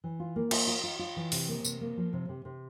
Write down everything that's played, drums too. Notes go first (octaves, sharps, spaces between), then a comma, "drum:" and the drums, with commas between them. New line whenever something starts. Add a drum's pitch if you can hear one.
E3
F4
A#3
F4, drum: cymbal
F4
F4
F4
E3
C3, drum: open hi-hat
A#3
C3, drum: tambourine
A#3
F3
C3
C3
C3